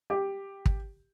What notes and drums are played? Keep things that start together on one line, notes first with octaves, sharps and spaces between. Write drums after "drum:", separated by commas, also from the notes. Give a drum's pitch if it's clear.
G4
drum: kick